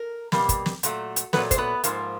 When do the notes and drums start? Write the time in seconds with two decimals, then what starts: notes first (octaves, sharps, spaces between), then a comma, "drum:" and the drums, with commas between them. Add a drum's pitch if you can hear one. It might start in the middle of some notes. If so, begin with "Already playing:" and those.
Already playing: A#4
0.32 B2 G3 A#3, drum: snare
0.49 drum: kick, hi-hat
0.66 drum: snare
0.83 A#2 F#3 A3, drum: hi-hat
1.16 drum: hi-hat
1.33 A#2 F#3 A3 B3 B4, drum: snare
1.51 C5, drum: kick, hi-hat
1.58 B3 B4
1.84 G#2 F3 A#3, drum: hi-hat